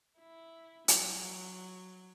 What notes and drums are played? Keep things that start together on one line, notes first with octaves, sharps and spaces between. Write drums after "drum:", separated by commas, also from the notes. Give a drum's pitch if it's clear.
E4
F#3, drum: hi-hat